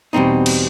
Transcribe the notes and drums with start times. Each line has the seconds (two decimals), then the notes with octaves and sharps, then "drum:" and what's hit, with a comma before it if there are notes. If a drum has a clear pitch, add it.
0.13 E2 B2 G3 C4 D#4
0.46 drum: cymbal